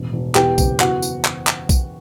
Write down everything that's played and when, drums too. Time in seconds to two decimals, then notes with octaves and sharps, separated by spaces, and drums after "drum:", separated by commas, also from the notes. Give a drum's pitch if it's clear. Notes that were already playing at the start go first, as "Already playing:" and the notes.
Already playing: E1 A1
0.13 E1
0.35 E2 G4 G5, drum: clap
0.58 F#1, drum: kick B1, tambourine
0.80 E2 F#4 F#5, drum: clap
1.02 drum: tambourine
1.25 drum: clap
1.47 drum: clap
1.69 drum: kick B1, tambourine